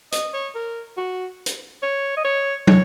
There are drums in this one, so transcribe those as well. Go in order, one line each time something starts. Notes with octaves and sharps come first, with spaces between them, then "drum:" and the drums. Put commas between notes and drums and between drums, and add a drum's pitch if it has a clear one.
D#5, drum: hi-hat
C#5
A#4
F#4
drum: hi-hat
C#5
D#5
C#5
C#5, drum: tom